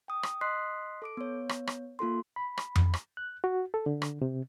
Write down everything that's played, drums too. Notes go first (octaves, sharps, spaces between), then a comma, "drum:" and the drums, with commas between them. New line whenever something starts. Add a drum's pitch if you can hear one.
G5 D#6
drum: rim click
D#5 C6 D#6 F#6 B6 C7
A4 D6 D7
B3 C#5
drum: rim click
drum: rim click
A#3 F4 A4 C6
B5
drum: rim click
drum: tom F2
drum: rim click
F#6
F#4
A4
D3
drum: rim click
C3